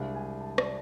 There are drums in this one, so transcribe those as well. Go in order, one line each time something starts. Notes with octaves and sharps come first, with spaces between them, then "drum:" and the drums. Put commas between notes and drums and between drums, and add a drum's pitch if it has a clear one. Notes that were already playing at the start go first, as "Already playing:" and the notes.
Already playing: C2 C3 G#3 D4 F5
G#5
A5
D5, drum: rim click